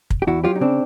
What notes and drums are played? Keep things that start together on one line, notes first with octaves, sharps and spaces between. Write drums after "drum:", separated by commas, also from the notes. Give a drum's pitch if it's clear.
drum: kick
G4
E2 E4 F#4
F#3 F4 G4
D#4
C#3 C4 D4